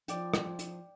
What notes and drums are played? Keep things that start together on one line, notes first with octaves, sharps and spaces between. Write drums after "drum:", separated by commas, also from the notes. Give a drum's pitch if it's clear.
F3 D5 G5, drum: hi-hat
drum: rim click
drum: hi-hat